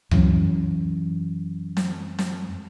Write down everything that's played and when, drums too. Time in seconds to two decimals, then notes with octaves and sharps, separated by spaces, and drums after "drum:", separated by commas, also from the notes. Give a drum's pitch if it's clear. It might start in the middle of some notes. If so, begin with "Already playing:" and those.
0.11 F#2 E3 F#3 C#4, drum: tom C#2
1.77 drum: snare
2.18 drum: snare